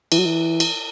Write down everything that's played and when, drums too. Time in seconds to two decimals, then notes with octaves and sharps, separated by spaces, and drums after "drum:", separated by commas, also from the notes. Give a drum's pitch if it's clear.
0.12 E3, drum: cymbal
0.19 F#3
0.25 E3
0.60 drum: cymbal